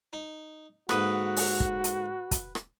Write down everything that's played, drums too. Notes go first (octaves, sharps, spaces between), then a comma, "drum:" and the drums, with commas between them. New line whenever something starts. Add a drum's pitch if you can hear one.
D#4
G#2 D3 A#3 F#4 B4 D#6, drum: rim click
drum: open hi-hat
drum: kick
drum: hi-hat
drum: kick, hi-hat
drum: rim click